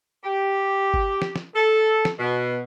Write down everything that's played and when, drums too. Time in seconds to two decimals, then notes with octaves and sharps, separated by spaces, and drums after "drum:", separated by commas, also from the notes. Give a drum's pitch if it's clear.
0.24 G4
0.94 drum: kick G1
1.22 drum: snare
1.36 drum: snare
1.55 A4
2.05 drum: snare
2.19 B2